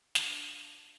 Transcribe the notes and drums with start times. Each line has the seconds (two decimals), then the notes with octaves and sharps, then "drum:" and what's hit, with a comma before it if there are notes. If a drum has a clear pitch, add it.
0.15 D4 F4 F#4 B4, drum: snare